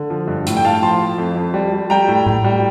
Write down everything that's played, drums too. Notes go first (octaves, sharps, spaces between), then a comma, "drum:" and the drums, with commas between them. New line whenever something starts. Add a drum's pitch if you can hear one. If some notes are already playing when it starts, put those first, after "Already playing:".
Already playing: D3
F3
G2
A2, drum: hi-hat
G5
A2 F5 A5
F3 A5 C6
F3
F2
F2
G3
G3
G3 G5 A#5
A2
A2, drum: tom A2
G3